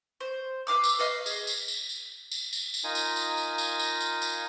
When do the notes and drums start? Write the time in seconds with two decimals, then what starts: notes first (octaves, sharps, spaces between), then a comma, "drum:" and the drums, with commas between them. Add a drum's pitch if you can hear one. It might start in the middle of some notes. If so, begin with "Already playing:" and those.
0.20 C5
0.67 B4 F5 D6 E6
0.84 drum: tambourine
0.99 B4 D#5 F5 F6
1.26 G#4 D#5, drum: tambourine
1.47 drum: tambourine
1.68 drum: tambourine
1.89 drum: tambourine
2.32 drum: tambourine
2.53 drum: tambourine
2.74 drum: tambourine
2.84 D#4 F4 A#4 G#5
2.95 drum: tambourine
3.16 drum: tambourine
3.37 drum: tambourine
3.58 drum: tambourine
3.79 drum: tambourine
4.01 drum: tambourine
4.22 drum: tambourine